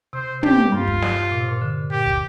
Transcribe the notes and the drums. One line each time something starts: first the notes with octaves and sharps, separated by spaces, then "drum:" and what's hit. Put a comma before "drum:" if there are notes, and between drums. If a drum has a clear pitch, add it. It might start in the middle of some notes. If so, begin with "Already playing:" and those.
C3 C5
G4, drum: tom
G2 F4
drum: kick
drum: snare
A#2
C3
A#2
D3
A#2 G4
drum: kick